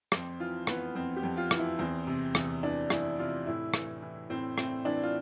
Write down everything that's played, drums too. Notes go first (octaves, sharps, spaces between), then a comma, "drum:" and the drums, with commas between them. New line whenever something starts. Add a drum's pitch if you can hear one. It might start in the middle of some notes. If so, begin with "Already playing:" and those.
F2 C4, drum: rim click
E3 F4
E3 B3, drum: rim click
F2 C4
G4
F2
F4
E3, drum: rim click
E4
E2 C4
C3
E2, drum: rim click
E3 D4
E2 E4, drum: rim click
C3 F4
A2 E4
E3, drum: rim click
E3
A2 C4
A2 C4, drum: rim click
E3 D4
F4